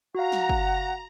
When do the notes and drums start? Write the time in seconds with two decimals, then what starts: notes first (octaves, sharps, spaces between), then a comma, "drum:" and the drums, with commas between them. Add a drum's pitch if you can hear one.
0.15 F#4 F5 F#5 A#5
0.32 drum: snare
0.49 drum: kick